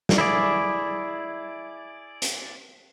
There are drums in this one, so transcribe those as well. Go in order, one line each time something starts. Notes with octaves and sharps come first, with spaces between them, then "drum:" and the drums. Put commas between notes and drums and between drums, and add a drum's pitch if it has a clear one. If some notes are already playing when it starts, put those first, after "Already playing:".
drum: snare
E4 G#4 D5
drum: hi-hat